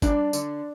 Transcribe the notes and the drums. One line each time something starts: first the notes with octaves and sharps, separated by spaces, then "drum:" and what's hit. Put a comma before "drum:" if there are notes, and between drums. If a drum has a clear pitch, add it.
G3 D4 D5, drum: kick, tambourine
D3, drum: tambourine